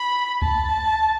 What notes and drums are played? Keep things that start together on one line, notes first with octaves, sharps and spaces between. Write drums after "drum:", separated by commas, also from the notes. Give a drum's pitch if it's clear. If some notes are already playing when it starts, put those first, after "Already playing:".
Already playing: B5
A5, drum: kick C#2